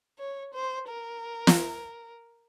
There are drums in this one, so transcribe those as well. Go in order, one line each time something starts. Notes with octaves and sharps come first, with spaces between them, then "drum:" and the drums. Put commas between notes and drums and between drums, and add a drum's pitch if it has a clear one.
C#5
C5
A#4
drum: snare